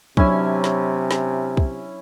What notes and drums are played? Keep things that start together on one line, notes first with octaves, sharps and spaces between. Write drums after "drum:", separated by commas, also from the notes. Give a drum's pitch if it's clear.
C3 F#3 C#4 D4 E4 C#5 G#5, drum: kick
drum: snare
drum: snare
drum: kick